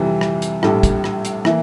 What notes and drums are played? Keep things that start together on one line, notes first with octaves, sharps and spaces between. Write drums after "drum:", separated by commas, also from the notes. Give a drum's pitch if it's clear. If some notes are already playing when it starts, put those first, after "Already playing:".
Already playing: F2 C3 E3 G3
drum: rim click
drum: hi-hat
A#1 A2 G3 D4 A4, drum: rim click
drum: kick, hi-hat
drum: rim click
drum: hi-hat
E3 A#3 E4, drum: rim click